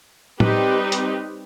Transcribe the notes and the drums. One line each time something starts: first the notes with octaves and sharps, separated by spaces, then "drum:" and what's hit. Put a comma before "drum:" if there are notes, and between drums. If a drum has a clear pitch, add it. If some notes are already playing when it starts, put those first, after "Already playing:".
G3 C4 D#4 G4 B4, drum: tom A2
drum: hi-hat